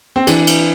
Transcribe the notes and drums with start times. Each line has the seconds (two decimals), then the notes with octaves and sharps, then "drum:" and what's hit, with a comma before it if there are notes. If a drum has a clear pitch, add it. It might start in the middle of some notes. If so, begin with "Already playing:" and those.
0.16 C4
0.27 E3 D4, drum: cymbal
0.47 drum: cymbal